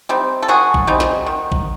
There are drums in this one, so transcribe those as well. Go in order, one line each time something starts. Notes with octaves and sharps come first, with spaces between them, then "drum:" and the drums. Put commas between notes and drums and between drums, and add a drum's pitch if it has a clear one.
G3 C4 D#4
A4
D#3 F#4 G#4
drum: kick A1
G3 C4 D#4
drum: snare
D#3
drum: kick A1